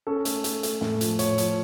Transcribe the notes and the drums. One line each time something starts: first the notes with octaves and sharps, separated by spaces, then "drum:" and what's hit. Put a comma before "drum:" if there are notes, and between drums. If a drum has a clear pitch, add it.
C#4 A4
A3, drum: hi-hat
A3, drum: hi-hat
A3, drum: hi-hat
A2, drum: snare
F3, drum: hi-hat
A2 C#5, drum: hi-hat
F3, drum: hi-hat